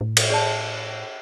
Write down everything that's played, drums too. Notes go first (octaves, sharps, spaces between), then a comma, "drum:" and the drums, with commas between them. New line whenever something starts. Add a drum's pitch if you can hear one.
A2
drum: cymbal
G#4 D5 A5